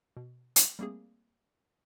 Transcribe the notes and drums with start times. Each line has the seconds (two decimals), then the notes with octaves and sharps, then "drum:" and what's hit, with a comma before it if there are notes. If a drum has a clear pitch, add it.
0.17 B2
0.56 drum: hi-hat
0.79 G3 A3 A#3 C4 G#4